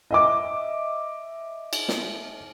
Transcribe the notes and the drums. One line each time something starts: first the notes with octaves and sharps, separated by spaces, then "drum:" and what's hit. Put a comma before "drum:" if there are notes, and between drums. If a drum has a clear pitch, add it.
D#5 E5 D6
drum: cymbal
drum: snare